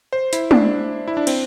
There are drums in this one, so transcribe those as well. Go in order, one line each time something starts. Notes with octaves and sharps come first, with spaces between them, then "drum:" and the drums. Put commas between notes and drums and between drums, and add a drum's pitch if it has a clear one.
C5
E4, drum: hi-hat
D4, drum: tom
E4
D4
C4, drum: cymbal